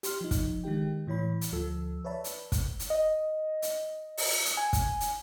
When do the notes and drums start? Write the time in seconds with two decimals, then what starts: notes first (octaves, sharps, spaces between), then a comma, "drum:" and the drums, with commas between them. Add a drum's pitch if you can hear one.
0.03 G4 C6 F6, drum: hi-hat
0.21 F3 D#4
0.31 drum: kick, hi-hat
0.64 D#3 G#3 D#4 G4 G5
1.07 A2 E3 C#5 B5
1.41 drum: hi-hat
1.52 D2 F3 A4 E6
2.05 B4 C#5 D5 E5 A5 B5
2.24 drum: hi-hat
2.52 drum: kick, hi-hat
2.79 drum: hi-hat
2.90 D#5
3.62 drum: hi-hat
4.18 drum: open hi-hat
4.45 drum: hi-hat
4.57 G#5
4.73 drum: kick, hi-hat
5.00 drum: hi-hat